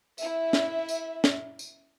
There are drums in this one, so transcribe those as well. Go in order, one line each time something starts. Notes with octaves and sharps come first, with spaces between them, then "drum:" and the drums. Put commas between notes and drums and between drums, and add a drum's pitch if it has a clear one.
E4 E5, drum: tambourine
drum: snare
drum: tambourine
drum: snare
drum: tambourine